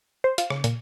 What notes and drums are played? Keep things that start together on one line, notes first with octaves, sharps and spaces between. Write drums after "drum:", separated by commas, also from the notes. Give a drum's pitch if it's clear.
C5
F4, drum: hi-hat
C#3, drum: rim click
A#2, drum: hi-hat